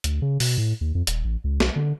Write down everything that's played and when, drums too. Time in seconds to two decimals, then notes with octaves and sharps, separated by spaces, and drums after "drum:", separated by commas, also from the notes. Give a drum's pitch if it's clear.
0.04 D2, drum: hi-hat
0.22 C#3
0.40 B2, drum: open hi-hat
0.58 A2
0.81 D#2
0.95 F2
1.07 D#1, drum: hi-hat
1.25 A1
1.44 C#2
1.60 B1, drum: snare
1.76 D3